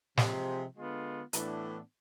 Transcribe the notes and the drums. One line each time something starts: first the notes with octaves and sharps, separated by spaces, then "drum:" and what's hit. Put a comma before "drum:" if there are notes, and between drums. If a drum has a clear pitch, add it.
C3 F3 G#3, drum: snare
D3 G#3 B3 F4
A2 E3 B3 D4, drum: hi-hat